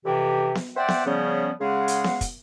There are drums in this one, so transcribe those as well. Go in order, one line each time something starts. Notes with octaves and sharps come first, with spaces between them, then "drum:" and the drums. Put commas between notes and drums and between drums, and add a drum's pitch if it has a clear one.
F2 C3 E3 G4
drum: snare B3
C5 D5 E5 F#5 G5
drum: snare B3
C#3 F3 G3 B3 C#4
C#3 G#3 G#4 F5 F#5
drum: hi-hat
drum: snare B3
drum: kick, hi-hat